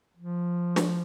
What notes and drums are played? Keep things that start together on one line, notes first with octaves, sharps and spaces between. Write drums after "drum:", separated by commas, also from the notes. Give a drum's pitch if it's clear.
F3
drum: snare